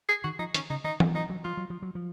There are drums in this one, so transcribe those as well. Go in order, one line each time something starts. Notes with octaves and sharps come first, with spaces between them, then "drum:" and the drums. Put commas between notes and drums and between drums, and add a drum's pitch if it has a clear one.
G#4
D#3 F#4
F3 D#4
D#3 C#4, drum: hi-hat
C#3 D#4
D#3 D#4
F3, drum: tom E3
F3 D#4
F#3
F3 F4
F#3
F3
F#3
F3